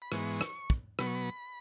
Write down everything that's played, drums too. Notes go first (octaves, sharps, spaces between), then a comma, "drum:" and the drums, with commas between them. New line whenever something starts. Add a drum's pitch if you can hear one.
B5
G#2 E3 G#3 B3 C#6, drum: rim click
drum: rim click
drum: kick
B2 F#3 B3 B5, drum: rim click
C#6
B5